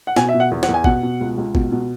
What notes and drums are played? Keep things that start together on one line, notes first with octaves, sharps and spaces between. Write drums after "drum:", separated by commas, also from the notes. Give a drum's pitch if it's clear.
F#5
B2 G#5, drum: snare
E5
B2
F#5
E2
F#5, drum: snare
E2
G#5
B2 F#5, drum: kick
B2
C#2
C#2
B2, drum: kick
B2